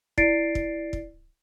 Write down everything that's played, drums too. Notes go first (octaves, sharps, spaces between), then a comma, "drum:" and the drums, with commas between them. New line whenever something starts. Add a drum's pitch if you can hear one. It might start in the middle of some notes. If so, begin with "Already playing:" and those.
E4 D5 A6 C7 D7, drum: kick
drum: kick
drum: kick